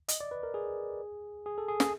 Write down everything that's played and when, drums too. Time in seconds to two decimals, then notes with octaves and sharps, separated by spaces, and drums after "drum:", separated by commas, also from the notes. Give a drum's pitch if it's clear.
0.08 D#5, drum: hi-hat
0.21 D5
0.31 B4
0.43 A#4
0.54 G#4
1.46 G#4
1.58 A4
1.68 G#4
1.80 G#4, drum: snare